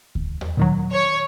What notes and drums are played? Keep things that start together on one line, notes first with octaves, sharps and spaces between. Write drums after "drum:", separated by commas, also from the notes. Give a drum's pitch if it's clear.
drum: kick D2
drum: tom D#2
A#2 D#3 F#3
C#5